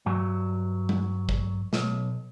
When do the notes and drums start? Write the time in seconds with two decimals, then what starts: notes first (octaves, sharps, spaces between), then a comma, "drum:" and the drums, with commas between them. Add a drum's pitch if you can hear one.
0.06 G2 F#3
0.89 drum: tom G3
1.29 drum: kick
1.73 B1, drum: snare